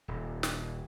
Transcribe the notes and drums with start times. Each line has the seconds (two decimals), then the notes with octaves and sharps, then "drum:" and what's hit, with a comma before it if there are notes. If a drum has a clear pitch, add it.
0.08 D#1
0.43 drum: snare